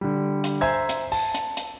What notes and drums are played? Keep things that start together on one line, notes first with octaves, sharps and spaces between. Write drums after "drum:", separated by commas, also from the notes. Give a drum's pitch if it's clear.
D3 G3
drum: hi-hat
C5 E5 G#5 A#5 G#6
drum: hi-hat
A5, drum: open hi-hat
drum: hi-hat
drum: hi-hat